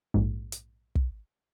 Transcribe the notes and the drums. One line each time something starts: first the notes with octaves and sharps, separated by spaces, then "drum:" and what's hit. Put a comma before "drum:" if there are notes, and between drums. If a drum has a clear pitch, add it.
A#1 G#2
drum: hi-hat
drum: kick